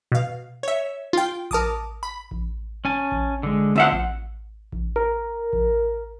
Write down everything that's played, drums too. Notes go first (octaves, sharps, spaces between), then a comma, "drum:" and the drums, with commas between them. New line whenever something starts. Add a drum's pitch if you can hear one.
B2 F5
C#5 E5
F4 G5
A#4 A5 D6 D#6, drum: kick A1
B5
drum: kick A1
C#4 G#5 A5
drum: kick A1
D3 G#3
D2 C4 F4 E5 F#5
drum: kick A1
drum: kick A1
A#4
drum: kick A1